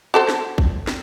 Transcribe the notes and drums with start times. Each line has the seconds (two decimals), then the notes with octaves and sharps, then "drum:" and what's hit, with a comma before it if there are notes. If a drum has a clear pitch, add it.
0.14 F#4 A4 C5
0.29 drum: snare
0.58 drum: kick
0.87 drum: snare